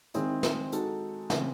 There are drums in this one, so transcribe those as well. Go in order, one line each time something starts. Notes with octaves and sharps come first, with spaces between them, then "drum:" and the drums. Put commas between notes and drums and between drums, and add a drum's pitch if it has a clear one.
D#3 G#3 C4 E4 G#4, drum: hi-hat
drum: snare
G#3 D#4 F#4 A4, drum: hi-hat
C#3 E3 C4, drum: snare